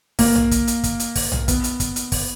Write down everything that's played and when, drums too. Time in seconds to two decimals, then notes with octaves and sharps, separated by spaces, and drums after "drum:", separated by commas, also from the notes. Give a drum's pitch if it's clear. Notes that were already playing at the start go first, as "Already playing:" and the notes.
0.19 A#3, drum: kick, open hi-hat
0.35 drum: tom B1
0.51 drum: kick, hi-hat
0.67 drum: hi-hat
0.83 drum: kick, hi-hat
1.00 drum: hi-hat
1.16 drum: kick, open hi-hat
1.32 drum: tom B1
1.48 B3, drum: kick, hi-hat
1.64 drum: hi-hat
1.80 drum: kick, hi-hat
1.96 drum: hi-hat
2.12 drum: kick, open hi-hat